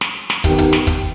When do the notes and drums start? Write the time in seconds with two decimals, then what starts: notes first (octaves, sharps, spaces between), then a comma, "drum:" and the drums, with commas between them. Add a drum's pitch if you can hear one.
0.01 drum: snare
0.30 drum: snare
0.44 D#3 B3 G4, drum: kick, hi-hat
0.58 drum: hi-hat
0.73 drum: snare
0.87 drum: kick, hi-hat